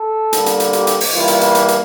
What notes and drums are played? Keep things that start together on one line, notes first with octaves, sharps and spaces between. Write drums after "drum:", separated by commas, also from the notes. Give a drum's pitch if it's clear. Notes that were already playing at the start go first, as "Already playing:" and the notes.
Already playing: A4
D3 G3 A#3, drum: hi-hat
drum: hi-hat
drum: hi-hat
G4, drum: hi-hat
drum: hi-hat
drum: open hi-hat
E3 G3 A#3 F4
drum: hi-hat
drum: hi-hat
drum: hi-hat
drum: hi-hat